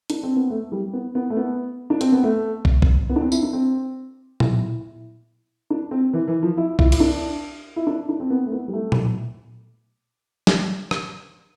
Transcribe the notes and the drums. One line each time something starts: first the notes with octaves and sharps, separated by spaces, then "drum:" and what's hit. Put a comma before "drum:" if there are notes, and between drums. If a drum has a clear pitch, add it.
D4, drum: hi-hat
C4
B3
A3
G3
B3
B3
A3
B3
D4
C4, drum: hi-hat
B3
A3
drum: kick
drum: kick
B3
D4
C4
E4, drum: tambourine
D4
C4
E4, drum: tom A#2
D4
C4
E3
E3
F3
E4
E4, drum: kick
E4, drum: cymbal
D4
E4
D4
D4
C4
B3
A3
B3
G3
A3
drum: tom A#2
drum: snare
drum: rim click